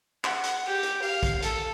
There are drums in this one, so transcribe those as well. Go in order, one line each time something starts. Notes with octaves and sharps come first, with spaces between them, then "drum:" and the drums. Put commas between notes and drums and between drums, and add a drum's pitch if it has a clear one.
F#5, drum: clap
drum: hi-hat
G4, drum: open hi-hat
drum: hi-hat
F5, drum: open hi-hat
drum: kick, hi-hat
A4, drum: hi-hat